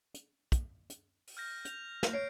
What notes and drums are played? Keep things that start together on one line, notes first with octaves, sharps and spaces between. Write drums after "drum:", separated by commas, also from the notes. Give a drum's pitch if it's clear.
drum: hi-hat
drum: kick, hi-hat
drum: hi-hat
drum: open hi-hat
F6 G6 A#6
G6 F7, drum: hi-hat
drum: snare
C#5 C7 D7